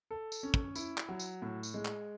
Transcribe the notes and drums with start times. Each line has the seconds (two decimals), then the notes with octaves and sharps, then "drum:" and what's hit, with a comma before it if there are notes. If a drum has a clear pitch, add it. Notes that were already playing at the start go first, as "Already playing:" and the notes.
0.11 A4
0.32 drum: tambourine
0.43 C#4
0.54 drum: kick
0.75 E4, drum: tambourine
0.98 drum: clap
1.09 F#3
1.20 drum: tambourine
1.42 A2
1.63 drum: tambourine
1.74 G#3
1.85 drum: clap